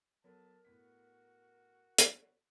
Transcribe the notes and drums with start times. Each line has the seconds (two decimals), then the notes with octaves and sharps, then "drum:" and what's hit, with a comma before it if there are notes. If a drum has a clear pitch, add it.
0.24 F#3 B3 A4 A#4 A5
0.65 A2 B3 F#4 B6
1.98 drum: hi-hat